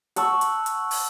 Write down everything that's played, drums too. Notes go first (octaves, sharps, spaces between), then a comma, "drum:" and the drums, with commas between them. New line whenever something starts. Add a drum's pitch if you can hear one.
F#5 A5 C#6 E6, drum: hi-hat
drum: hi-hat
drum: hi-hat
drum: open hi-hat